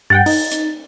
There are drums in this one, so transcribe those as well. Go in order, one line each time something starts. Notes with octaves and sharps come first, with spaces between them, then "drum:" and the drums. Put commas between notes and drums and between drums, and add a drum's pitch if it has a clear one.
G2 F#5 G5 A6
D#4, drum: open hi-hat
drum: hi-hat